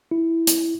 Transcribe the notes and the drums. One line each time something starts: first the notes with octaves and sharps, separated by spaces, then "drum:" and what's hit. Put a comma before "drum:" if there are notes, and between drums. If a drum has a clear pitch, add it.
E4
drum: hi-hat